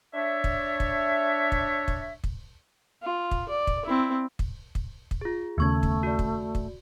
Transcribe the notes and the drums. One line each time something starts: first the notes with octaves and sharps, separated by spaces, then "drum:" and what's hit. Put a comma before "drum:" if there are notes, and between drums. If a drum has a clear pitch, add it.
D4 C#5 E5
drum: kick
drum: kick
drum: kick
drum: kick
drum: kick
F4
drum: kick
D5
drum: kick
C4 E4
drum: kick
drum: kick
drum: kick
F4 G#4
D#2 C#3 A3 B3 C#6 G#6
drum: kick
F#4 D5
drum: kick
drum: kick